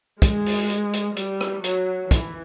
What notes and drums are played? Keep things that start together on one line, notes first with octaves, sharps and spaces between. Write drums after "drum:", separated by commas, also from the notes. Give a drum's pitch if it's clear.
G#3, drum: kick, hi-hat
drum: open hi-hat
drum: hi-hat
drum: hi-hat
G3, drum: hi-hat
drum: rim click
F#3, drum: hi-hat
E3, drum: kick, hi-hat